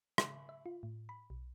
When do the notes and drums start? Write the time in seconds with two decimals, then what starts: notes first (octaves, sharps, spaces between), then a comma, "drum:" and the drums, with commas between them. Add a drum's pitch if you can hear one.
0.18 drum: rim click
0.49 E5
0.66 F4
0.83 A2
1.09 B5
1.30 B1